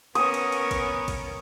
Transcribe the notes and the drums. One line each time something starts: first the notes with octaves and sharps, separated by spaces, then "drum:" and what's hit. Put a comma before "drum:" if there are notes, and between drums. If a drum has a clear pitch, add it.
B3 C#4 A#4 D#6, drum: cymbal
drum: cymbal
drum: cymbal
drum: kick, cymbal
drum: kick, cymbal